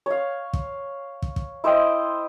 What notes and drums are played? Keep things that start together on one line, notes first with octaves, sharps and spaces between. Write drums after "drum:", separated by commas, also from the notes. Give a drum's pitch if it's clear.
C#5 F5
drum: kick
drum: kick
drum: kick
E4 C5 D#5 G5